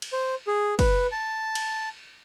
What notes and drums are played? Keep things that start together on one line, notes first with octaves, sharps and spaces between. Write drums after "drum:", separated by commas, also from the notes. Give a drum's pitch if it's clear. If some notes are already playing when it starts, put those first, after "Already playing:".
drum: cymbal
C5
G#4
B4, drum: kick, cymbal
A5
drum: cymbal